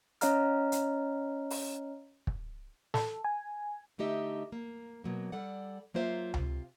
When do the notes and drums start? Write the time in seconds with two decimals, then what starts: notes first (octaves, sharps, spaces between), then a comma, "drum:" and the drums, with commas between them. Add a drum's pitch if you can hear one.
0.21 C#4 C#5 D#5 F5 A#5 F6, drum: hi-hat
0.72 drum: hi-hat
1.50 drum: open hi-hat
2.27 drum: kick
2.94 A4, drum: snare
3.25 G#5
3.98 D3 A3 D#4 G4 D#5 E5
4.52 A#3
5.04 B2 F#3 A#3
5.32 G3 A4 D5 F#5
5.94 F#3 A#3 F4 C5 E5 F5
6.34 C3 F4, drum: tom C#2